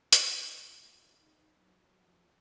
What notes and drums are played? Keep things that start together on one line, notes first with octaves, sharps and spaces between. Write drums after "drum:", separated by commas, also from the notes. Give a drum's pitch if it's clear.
D#4, drum: hi-hat
F4
D#4
F#3
F3